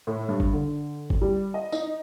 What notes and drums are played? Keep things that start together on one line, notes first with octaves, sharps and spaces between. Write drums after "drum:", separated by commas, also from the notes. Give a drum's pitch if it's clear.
A2
G2
drum: kick
D3
drum: kick
G3
D#5
D#4, drum: tambourine